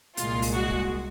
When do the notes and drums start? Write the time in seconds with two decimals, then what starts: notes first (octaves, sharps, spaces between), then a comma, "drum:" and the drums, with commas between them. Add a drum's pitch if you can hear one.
0.17 C2 A#2 G#3 F4, drum: hi-hat
0.42 drum: open hi-hat
0.54 F#4
0.69 drum: kick